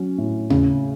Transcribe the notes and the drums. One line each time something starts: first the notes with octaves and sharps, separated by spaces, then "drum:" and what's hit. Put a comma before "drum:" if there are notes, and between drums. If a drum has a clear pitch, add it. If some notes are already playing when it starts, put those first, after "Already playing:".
Already playing: F#3 C#4
A2
C#3, drum: tom D#2